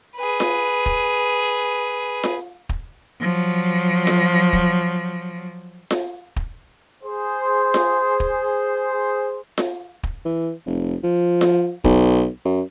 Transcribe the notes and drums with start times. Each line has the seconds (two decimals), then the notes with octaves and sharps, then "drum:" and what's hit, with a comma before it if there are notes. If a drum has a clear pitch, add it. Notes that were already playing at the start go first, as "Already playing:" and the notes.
0.17 G#4 B4
0.40 drum: snare F4
0.86 drum: kick
2.23 drum: snare F4
2.69 drum: kick
3.20 F3 F#3
4.07 drum: snare F4
4.53 drum: kick
5.91 drum: snare F4
6.36 drum: kick
7.03 G#4 C5
7.74 drum: snare F4
8.20 drum: kick
9.58 drum: snare F4
10.03 drum: kick
10.25 E3
10.66 F1
11.03 F3
11.41 drum: snare F4
11.84 B1, drum: kick
12.45 F#2